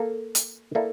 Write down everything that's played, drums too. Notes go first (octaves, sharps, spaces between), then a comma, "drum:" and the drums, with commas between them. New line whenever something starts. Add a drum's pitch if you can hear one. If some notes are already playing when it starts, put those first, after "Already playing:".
Already playing: A#3 A4
drum: hi-hat
A#3 E4 A4 D5